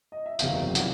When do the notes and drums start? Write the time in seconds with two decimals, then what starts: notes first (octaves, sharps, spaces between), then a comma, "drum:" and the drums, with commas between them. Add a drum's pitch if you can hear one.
0.12 D#5
0.26 E5
0.39 F#1 E2 C3 D#3 F#3 F5, drum: tambourine
0.75 E3 G3 F#5, drum: tambourine